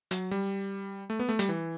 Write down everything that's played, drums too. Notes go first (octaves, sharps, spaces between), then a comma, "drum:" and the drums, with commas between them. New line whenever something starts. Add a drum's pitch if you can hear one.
F#3, drum: hi-hat
G3
A3
B3
A3
G3, drum: hi-hat
E3